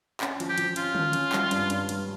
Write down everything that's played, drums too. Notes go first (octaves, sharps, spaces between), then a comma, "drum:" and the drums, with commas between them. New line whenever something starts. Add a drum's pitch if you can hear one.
C#4, drum: clap
F3, drum: cymbal
G4
F3, drum: cymbal
C#4 F4, drum: cymbal
F3, drum: tom D3
C#4, drum: cymbal
G3, drum: clap
G2, drum: cymbal
G2, drum: cymbal
G3, drum: cymbal